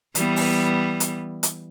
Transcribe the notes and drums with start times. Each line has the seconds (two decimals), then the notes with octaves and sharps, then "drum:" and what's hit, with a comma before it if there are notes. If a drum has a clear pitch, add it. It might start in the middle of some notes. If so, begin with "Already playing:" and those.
0.15 E3 G3 B3, drum: hi-hat
0.36 drum: open hi-hat
1.00 drum: hi-hat
1.43 drum: hi-hat